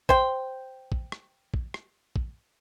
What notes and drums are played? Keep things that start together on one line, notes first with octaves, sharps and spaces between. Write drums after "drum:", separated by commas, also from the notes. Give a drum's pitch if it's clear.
C5 G5, drum: kick A#1
drum: kick A#1
drum: rim click
drum: kick A#1
drum: rim click
drum: kick A#1